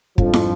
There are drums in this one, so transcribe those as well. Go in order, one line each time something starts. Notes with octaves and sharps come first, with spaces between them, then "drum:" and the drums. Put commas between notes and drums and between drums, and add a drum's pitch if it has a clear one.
F2 G#2 F3 G3 D4, drum: kick
drum: snare